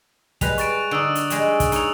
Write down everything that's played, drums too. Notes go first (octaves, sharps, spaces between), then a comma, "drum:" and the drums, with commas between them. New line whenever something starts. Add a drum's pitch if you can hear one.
G3 G#3 B4 F#6 F7, drum: kick, hi-hat
C#6 A6 D7, drum: hi-hat
D3 D#4 D#6 E6 D7
drum: hi-hat
G3 G#3, drum: hi-hat
drum: kick, hi-hat
D#4 C#5 D#6 E6 F7, drum: hi-hat